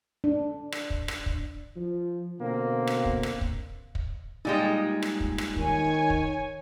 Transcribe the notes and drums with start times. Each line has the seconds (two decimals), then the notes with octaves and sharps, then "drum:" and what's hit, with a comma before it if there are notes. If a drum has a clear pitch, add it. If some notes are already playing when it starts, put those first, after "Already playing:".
0.24 D4
0.72 drum: rim click
0.90 drum: kick
1.08 drum: rim click
1.26 drum: kick
1.76 F3
2.40 B2 D3 A#3 C4
2.87 drum: rim click
3.05 drum: kick
3.23 drum: rim click
3.41 drum: kick
3.95 drum: kick
4.45 A#2 G3 G#3 D#4
5.02 drum: rim click
5.20 drum: kick
5.38 drum: rim click
5.56 D#3 C#5 G#5, drum: kick
6.10 drum: kick